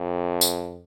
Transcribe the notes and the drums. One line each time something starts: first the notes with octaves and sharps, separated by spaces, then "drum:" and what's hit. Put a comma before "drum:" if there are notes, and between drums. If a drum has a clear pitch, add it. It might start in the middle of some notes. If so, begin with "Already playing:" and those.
Already playing: F2
drum: tambourine